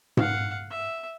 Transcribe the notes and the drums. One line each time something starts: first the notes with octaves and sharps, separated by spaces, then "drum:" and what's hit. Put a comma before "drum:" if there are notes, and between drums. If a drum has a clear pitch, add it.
F5 F#5, drum: tom G#2
E5